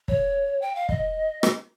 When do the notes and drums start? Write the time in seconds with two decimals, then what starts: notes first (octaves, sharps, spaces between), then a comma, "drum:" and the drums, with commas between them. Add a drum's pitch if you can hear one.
0.08 C#5, drum: kick
0.62 G5
0.75 F5
0.89 D#5, drum: kick
1.43 drum: rim click